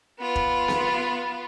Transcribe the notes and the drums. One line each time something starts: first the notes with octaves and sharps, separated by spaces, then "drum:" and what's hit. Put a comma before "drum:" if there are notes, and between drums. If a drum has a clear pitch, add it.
B3 F4
drum: kick E1
drum: snare B3